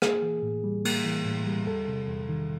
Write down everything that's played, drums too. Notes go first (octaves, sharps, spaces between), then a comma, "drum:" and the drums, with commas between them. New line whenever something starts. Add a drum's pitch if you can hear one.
A#3 G#4, drum: rim click
E3
A2
G3
A#3, drum: cymbal
E3
A2
G3
E2 A4
C3
E2
D#3